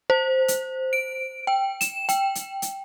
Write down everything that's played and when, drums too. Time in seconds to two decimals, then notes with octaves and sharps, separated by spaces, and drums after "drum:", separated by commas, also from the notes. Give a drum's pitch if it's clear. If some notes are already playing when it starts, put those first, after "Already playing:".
0.10 C5
0.48 drum: hi-hat
0.93 D7
1.47 G5
1.81 E7, drum: hi-hat
2.09 G5, drum: hi-hat
2.35 drum: hi-hat
2.62 drum: hi-hat